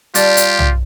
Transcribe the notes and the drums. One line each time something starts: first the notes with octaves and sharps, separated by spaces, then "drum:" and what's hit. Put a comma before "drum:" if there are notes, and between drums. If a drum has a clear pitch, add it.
G3 F4 G4 D5 A5, drum: hi-hat
drum: hi-hat
drum: tom